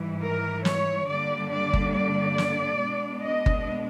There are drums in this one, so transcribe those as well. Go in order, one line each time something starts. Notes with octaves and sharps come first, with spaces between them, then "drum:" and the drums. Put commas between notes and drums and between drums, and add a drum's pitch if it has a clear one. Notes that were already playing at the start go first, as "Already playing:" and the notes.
Already playing: G#2 E3 G3
A#4
C#5, drum: snare
G2 D3 G3 A#3 D4 D5
D5
drum: kick G1
D5
drum: snare
B2 G#3 B3 D4
D#5
drum: kick G1